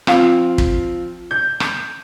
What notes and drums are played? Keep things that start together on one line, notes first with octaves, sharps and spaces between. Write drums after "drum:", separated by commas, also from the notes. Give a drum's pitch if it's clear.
F3 C4 F5, drum: rim click
drum: kick
G6
drum: rim click